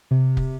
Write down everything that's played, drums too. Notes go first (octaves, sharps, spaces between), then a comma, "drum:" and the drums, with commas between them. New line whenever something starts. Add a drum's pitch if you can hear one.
C3
drum: kick